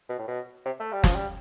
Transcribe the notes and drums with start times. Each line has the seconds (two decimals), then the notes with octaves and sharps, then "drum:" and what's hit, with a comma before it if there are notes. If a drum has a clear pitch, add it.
0.09 B2
0.18 A2
0.28 B2
0.65 C3
0.80 A3
0.92 G3
1.04 F3, drum: snare
1.15 G3